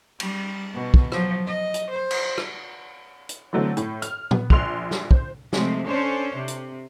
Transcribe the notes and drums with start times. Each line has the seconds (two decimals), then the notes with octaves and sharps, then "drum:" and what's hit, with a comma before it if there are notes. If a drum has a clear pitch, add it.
0.20 G3, drum: cymbal
0.74 B2
0.94 drum: kick
1.12 F3 F#3, drum: rim click
1.47 D#5
1.74 drum: hi-hat
1.90 C5
2.11 drum: cymbal
2.38 drum: rim click
3.29 drum: hi-hat
3.53 D3 E3 F#3 A3 C4
3.77 A2, drum: hi-hat
4.02 F6, drum: hi-hat
4.31 B3, drum: tom
4.50 A#1 C6 F#6 F7, drum: kick
4.91 drum: snare
5.11 C5, drum: kick
5.53 C3 F3 G#3 A3 C4, drum: snare
5.87 C#4 D4 A4 C5 C#5
6.36 C3
6.48 drum: hi-hat